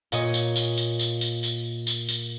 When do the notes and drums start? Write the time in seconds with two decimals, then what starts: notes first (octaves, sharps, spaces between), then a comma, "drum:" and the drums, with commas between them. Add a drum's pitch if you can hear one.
0.12 A#2 C#5 D#5, drum: tambourine
0.34 drum: tambourine
0.56 drum: tambourine
0.78 drum: tambourine
0.99 drum: tambourine
1.21 drum: tambourine
1.43 drum: tambourine
1.87 drum: tambourine
2.09 drum: tambourine